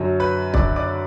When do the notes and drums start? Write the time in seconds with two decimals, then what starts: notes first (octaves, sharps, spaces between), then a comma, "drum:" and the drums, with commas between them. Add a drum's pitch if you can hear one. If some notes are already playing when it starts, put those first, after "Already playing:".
Already playing: F#2 D3 F#3
0.20 B4 B5
0.54 F#2 D3 F#3 D5 D6, drum: kick
0.76 D5 D6